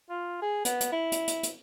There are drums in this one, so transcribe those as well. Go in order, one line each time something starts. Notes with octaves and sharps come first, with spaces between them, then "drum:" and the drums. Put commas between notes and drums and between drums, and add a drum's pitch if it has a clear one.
F4
G#4
B3, drum: hi-hat
drum: hi-hat
E4
drum: hi-hat
drum: hi-hat
drum: hi-hat